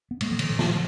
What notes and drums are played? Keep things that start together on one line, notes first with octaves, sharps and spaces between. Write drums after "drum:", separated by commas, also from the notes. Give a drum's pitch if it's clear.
B3
A#2 G#3 A#3, drum: cymbal
F3
D3 E3, drum: cymbal
A#2
D#3 F3, drum: snare